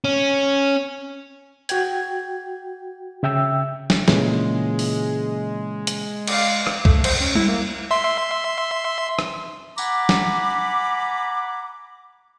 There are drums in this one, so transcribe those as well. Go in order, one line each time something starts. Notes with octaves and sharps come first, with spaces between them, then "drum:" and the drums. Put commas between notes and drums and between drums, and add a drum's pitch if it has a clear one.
C#4
F#4 G5 G#6, drum: hi-hat
C#3 E5 G5 E6
drum: snare
A#2 C#3 E3 G#3, drum: snare
drum: open hi-hat
drum: hi-hat
D5 F5, drum: cymbal
drum: rim click
A3, drum: kick
C5, drum: cymbal
C#4
E4, drum: tom G3
A#3
E5 C6
drum: rim click
F#5 G#5 A#5 B5 D6, drum: tambourine
drum: snare